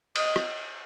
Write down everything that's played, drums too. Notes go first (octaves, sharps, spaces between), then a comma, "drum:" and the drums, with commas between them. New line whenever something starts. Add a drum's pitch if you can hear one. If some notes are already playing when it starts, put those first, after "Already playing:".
D#5, drum: cymbal
drum: rim click